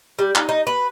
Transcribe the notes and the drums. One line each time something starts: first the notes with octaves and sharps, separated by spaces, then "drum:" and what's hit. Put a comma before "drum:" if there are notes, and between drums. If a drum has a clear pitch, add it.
G3
D#4, drum: clap
D#4
B4